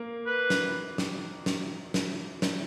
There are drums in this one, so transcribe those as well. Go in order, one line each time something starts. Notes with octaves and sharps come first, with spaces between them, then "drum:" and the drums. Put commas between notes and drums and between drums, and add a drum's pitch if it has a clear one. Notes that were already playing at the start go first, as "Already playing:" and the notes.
Already playing: A#3
B4
drum: snare
drum: snare
drum: snare
drum: snare
drum: snare